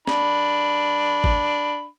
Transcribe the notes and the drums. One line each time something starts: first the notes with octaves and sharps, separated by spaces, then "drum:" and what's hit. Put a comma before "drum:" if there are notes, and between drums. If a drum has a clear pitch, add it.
D4 B5, drum: snare
drum: kick